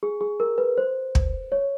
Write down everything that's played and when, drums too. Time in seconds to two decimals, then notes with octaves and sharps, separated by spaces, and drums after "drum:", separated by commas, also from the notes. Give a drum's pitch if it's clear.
0.03 G#4
0.21 G#4
0.40 A#4
0.58 B4
0.78 C5
1.15 drum: kick
1.52 C#5